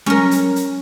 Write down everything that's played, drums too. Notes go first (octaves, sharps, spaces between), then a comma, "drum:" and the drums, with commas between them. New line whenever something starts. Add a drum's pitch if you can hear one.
C#4 A#4, drum: tom F#3
drum: hi-hat
drum: hi-hat